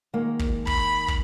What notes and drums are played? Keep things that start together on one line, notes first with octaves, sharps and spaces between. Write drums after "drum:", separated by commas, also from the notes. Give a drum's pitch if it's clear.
D#3 G#3 A#3
drum: kick
B5, drum: kick
drum: kick